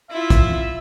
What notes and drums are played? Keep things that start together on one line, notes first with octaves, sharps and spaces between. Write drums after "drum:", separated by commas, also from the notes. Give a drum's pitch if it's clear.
E4 F4 E5
drum: kick, hi-hat